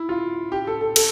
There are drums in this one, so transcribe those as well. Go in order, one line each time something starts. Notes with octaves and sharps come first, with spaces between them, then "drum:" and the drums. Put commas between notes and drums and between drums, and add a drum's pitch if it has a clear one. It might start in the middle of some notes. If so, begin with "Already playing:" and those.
Already playing: E4
F4
G4
A4
A4
A4, drum: cymbal